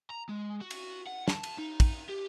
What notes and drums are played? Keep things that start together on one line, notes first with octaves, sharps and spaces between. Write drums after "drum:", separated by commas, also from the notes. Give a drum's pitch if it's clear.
A#5
G#3
F#4
drum: cymbal
F#5
A5, drum: snare
drum: cymbal
D#4
drum: kick, cymbal
G4